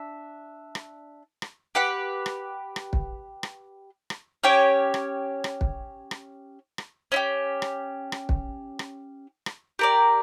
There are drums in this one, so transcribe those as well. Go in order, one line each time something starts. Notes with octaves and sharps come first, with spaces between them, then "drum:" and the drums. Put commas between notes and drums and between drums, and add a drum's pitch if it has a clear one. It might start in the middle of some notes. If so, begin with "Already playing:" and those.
Already playing: D4 E5
drum: rim click
drum: rim click
G4 B4 F#5
drum: rim click
drum: rim click
drum: kick
drum: rim click
drum: rim click
C#4 G4 C#5 G5
drum: rim click
drum: rim click
drum: kick
drum: rim click
drum: rim click
C#4 E4 G4
drum: rim click
drum: rim click
drum: kick
drum: rim click
drum: rim click
G4 A#4 D5